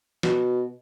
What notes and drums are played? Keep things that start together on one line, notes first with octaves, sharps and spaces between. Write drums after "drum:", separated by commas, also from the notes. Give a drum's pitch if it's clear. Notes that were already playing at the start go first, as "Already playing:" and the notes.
B2, drum: snare